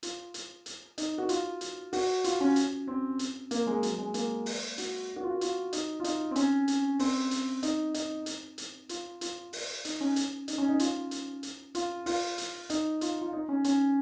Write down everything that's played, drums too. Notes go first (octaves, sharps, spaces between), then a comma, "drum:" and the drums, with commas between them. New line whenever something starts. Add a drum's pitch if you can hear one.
F4, drum: hi-hat
drum: hi-hat
drum: hi-hat
D#4, drum: hi-hat
F#4
F4, drum: hi-hat
drum: hi-hat
F#4, drum: open hi-hat
F4, drum: hi-hat
C#4
drum: hi-hat
C4
drum: hi-hat
A#3, drum: hi-hat
G#3
F#3, drum: hi-hat
G#3
A#3, drum: hi-hat
drum: open hi-hat
F#4, drum: hi-hat
F#4
F4
F#4
F4, drum: hi-hat
D#4, drum: hi-hat
F4
D#4, drum: hi-hat
C4
C#4, drum: hi-hat
drum: hi-hat
C4, drum: open hi-hat
drum: hi-hat
D#4, drum: hi-hat
D#4, drum: hi-hat
drum: hi-hat
drum: hi-hat
F4, drum: hi-hat
F4, drum: hi-hat
drum: open hi-hat
D#4, drum: hi-hat
C#4
drum: hi-hat
D#4, drum: hi-hat
C#4
D#4
F4, drum: hi-hat
drum: hi-hat
drum: hi-hat
F4, drum: hi-hat
F4, drum: open hi-hat
drum: hi-hat
D#4, drum: hi-hat
F4, drum: hi-hat
F4
D#4
C#4
C#4, drum: hi-hat